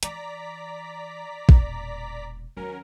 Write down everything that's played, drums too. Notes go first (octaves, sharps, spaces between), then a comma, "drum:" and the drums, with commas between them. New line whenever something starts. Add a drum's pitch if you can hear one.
E3 D5 A#5 B6, drum: hi-hat
E1 A#2, drum: kick
D#2 D#3 F#3 C#4 A#4